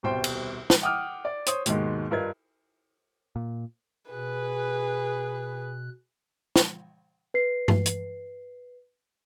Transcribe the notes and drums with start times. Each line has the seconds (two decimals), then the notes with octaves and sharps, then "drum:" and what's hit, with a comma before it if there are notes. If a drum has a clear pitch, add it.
0.03 D#1 C2 B2 C5 G5 C6
0.24 drum: cymbal
0.70 drum: snare
0.82 F#5 G5 D6 D#6 F6
1.25 D5
1.46 C5 C#5 C6 D#6, drum: hi-hat
1.66 D#2 G#2 B2 D#3 G#3, drum: hi-hat
2.11 G2 F4 A#4 B4 D#5 G#6
3.36 A#2
4.12 B2 G#4 B4 F#6
6.56 drum: snare
7.34 B4 C7
7.68 drum: tom G2
7.86 drum: hi-hat